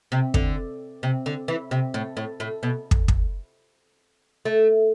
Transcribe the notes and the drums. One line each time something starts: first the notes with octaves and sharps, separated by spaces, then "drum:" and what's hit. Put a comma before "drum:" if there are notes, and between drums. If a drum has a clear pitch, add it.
C3
D3, drum: kick
C3
D3
E3
C3
A2
A2
A2
B2
drum: kick
drum: kick
A3